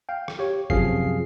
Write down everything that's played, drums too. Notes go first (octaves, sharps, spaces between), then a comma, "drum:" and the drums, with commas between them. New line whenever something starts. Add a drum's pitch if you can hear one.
F5 G5
drum: rim click
G4 C#5
F#2 C3 F3 G#4 F5 C7, drum: kick F#1